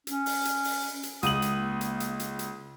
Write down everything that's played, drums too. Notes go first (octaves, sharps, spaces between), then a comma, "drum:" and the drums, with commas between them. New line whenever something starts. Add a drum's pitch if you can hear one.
C#4, drum: hi-hat
drum: open hi-hat
drum: hi-hat
drum: open hi-hat
drum: hi-hat
C#2 D#6 F#7, drum: hi-hat
drum: hi-hat
A#3
drum: hi-hat
drum: hi-hat
drum: hi-hat
drum: hi-hat